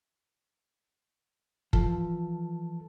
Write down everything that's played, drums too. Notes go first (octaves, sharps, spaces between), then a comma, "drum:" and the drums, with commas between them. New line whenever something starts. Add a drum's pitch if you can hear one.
E3 F3 A4 A5, drum: kick